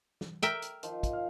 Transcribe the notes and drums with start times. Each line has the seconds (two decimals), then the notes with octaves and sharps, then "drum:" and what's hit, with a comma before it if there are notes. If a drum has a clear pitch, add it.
0.21 drum: snare
0.43 A#4 E5 G5, drum: hi-hat
0.62 drum: hi-hat
0.83 D#3 F3, drum: hi-hat
1.03 drum: kick, hi-hat
1.13 F5